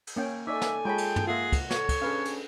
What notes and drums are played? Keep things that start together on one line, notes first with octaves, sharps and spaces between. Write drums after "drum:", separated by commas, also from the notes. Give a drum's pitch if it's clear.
drum: cymbal
A#3 C#4 G5
D#4 A4 C#5 D5 E5 G#5 D6
drum: snare
G#3 F4 G#4 C#5 G5 A5 B5
drum: cymbal
drum: tom
A#3 F4 G#4 E5 F#5 F#6 A#6
drum: kick, cymbal
A4 C#5, drum: snare
drum: kick, cymbal
C#4 D4 G#4 B4 F5
drum: cymbal